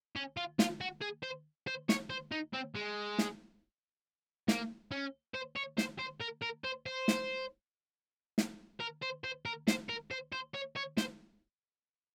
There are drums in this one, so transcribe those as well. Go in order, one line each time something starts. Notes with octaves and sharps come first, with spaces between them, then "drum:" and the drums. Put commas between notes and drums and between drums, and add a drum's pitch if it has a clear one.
C#4
F4
F4, drum: snare
F#4
G#4
C5
C5
C#5, drum: snare
C5
D#4
C4
G#3
drum: snare
A#3, drum: snare
C#4
C5
C#5
C5, drum: snare
C5
A#4
A#4
C5
C5
drum: snare
drum: snare
A#4
C5
C5
A#4
C5, drum: snare
A#4
C5
C5
C#5
C#5
C5, drum: snare